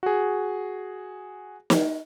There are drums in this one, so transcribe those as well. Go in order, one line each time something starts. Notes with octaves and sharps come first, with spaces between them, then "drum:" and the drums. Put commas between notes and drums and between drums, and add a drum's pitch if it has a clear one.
F#4 G#4
drum: snare